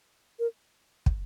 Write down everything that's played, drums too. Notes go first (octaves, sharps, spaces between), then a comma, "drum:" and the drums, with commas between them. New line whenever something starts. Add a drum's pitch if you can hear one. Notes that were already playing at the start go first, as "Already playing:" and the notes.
A#4
drum: kick